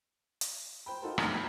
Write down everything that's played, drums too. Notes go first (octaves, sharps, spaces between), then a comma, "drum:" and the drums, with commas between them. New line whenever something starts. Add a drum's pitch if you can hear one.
drum: hi-hat
C5 G5 B5
D#4 F4 F#4 A4 A#4 C5
G1 F2 A3 D#6 F6, drum: rim click
G5 A#5 B5 G6 G#6 B6